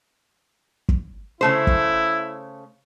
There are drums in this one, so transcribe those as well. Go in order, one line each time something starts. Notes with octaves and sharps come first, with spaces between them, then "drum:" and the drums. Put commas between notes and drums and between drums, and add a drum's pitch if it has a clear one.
drum: kick
C#3 A3 E4 C5
drum: kick